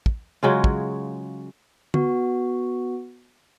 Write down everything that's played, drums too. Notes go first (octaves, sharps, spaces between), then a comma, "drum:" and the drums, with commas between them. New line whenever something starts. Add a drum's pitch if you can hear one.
drum: kick
C#3 F#3 G#3 F4
drum: kick
B3 F#4, drum: tom D3